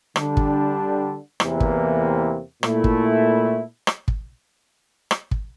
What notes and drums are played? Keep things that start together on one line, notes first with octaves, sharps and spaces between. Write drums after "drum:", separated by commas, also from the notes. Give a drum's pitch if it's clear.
D3 G3 D4, drum: rim click
drum: kick
E2 C3 E3 A#3, drum: rim click
drum: kick
A#2 A3 E4, drum: rim click
drum: kick
drum: rim click
drum: kick
drum: rim click
drum: kick